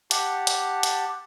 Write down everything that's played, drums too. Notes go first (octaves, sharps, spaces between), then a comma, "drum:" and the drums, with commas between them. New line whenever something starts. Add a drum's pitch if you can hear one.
G4 F#5 A5, drum: hi-hat
drum: hi-hat
drum: hi-hat